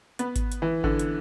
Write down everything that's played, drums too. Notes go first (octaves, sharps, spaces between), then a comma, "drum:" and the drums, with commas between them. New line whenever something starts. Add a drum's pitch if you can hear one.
B3, drum: hi-hat
drum: kick G#1, hi-hat
drum: hi-hat
E3
D3, drum: kick G#1
drum: hi-hat